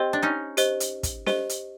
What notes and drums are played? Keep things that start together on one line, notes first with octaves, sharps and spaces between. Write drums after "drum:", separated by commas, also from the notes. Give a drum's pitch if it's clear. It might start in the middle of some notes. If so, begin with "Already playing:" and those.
Already playing: C4 G4 C5 D#5
D4
C#4 D#4
G4 C5 D#5, drum: hi-hat
drum: hi-hat
drum: kick, hi-hat
G4 C5 D#5, drum: snare
drum: hi-hat